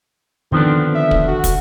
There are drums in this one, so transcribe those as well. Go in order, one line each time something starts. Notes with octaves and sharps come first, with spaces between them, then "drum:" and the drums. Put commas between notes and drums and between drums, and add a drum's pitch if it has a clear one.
D3 D#3 F3 B3 C4 D4
E5
drum: kick
F#4
drum: kick, hi-hat